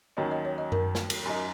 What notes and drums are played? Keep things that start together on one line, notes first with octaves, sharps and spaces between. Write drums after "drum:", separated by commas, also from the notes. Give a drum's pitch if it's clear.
D#2 D#3 F#3 C#4 D#5
D#5
C#5
D#5
A#4, drum: tom F#2
drum: snare
drum: cymbal
F#2 F#3 D#4